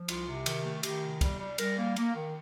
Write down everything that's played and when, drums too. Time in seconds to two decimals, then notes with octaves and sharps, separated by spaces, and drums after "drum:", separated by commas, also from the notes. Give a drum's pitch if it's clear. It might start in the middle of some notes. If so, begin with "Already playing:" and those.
Already playing: F3
0.08 C2 F4, drum: cymbal
0.27 C3
0.46 D#3, drum: cymbal
0.64 A3
0.83 D#3 G4, drum: cymbal
1.03 C3
1.21 G3, drum: kick, cymbal
1.40 G3
1.58 G3 A#4, drum: cymbal
1.77 A#3
1.96 A#3, drum: cymbal
2.15 D#3